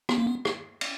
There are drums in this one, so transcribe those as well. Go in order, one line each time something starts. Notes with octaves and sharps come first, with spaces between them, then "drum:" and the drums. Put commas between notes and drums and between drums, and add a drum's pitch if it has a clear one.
B3, drum: rim click
A#3
B3
drum: rim click
drum: cymbal